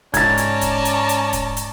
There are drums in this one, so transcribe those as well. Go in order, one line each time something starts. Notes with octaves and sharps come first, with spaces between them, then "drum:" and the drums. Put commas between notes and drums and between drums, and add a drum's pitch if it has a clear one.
G#2 C#4 D5 A5 A#5 G#6 A6, drum: kick, hi-hat
drum: hi-hat
drum: kick, hi-hat
drum: hi-hat
drum: hi-hat
drum: kick, hi-hat
drum: hi-hat